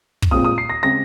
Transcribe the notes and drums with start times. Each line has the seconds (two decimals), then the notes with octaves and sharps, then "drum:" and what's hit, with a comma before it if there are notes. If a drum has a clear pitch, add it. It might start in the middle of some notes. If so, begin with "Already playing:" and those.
0.22 drum: kick
0.31 A#2 G#3 C4 D#6
0.44 D#6
0.58 C7
0.70 A#6
0.83 C#3 G#3 C4 A#6